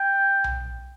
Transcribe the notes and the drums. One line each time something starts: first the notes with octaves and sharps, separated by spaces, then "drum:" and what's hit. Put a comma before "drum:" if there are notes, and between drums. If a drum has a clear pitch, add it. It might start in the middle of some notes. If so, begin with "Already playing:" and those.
Already playing: G5
drum: tom B1